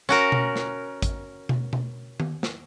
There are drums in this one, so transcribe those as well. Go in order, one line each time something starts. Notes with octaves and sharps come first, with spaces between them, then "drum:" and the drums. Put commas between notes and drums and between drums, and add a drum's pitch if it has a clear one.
C#4 F#4 A#4
drum: tom B2
drum: snare
drum: kick, hi-hat
drum: tom B2
drum: tom B2
drum: tom D#3
drum: snare